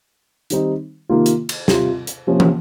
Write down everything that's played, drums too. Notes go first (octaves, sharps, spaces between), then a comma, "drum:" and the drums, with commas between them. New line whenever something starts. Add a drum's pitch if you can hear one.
D#3 G3 C4 D#4, drum: hi-hat
C3 D#3 A#3 F4
drum: hi-hat
drum: cymbal
C3 G3 C4 F4, drum: snare
drum: hi-hat
C3 F3 A#3 C#4
drum: tom